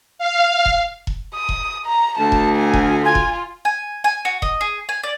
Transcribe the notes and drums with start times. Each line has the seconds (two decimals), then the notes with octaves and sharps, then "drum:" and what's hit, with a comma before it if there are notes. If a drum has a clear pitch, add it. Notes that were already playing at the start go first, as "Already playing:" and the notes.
0.19 F5
0.66 drum: kick E1
1.07 drum: kick E1
1.35 D#6
1.49 drum: kick E1
1.86 A#5
2.18 D2 A5
2.32 drum: kick E1
2.56 G#5
2.73 drum: kick E1
3.05 F4 G#5
3.15 drum: kick E1
3.65 G#5
4.04 G#5
4.25 F#4
4.42 D#5, drum: kick E1
4.61 G#4
4.89 G#5
5.03 D5